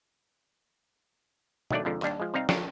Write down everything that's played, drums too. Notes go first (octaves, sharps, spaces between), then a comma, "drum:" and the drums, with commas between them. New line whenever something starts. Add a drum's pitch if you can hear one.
D#2 D#3 F#3 A3 D4 D5, drum: tom
F2 G#2 D3 F3
D#2 G3 D4, drum: clap
F3 G#3
C3 G3 C4 D#4 F5
D4 F4 G4 A4 A#4 C#5, drum: snare